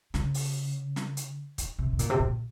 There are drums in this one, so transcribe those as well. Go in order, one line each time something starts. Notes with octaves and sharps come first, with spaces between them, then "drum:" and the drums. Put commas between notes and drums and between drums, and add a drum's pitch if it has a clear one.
C#3, drum: snare
drum: open hi-hat
drum: snare
drum: hi-hat
drum: kick, hi-hat
C3
C3
A#2, drum: hi-hat
C3
A#2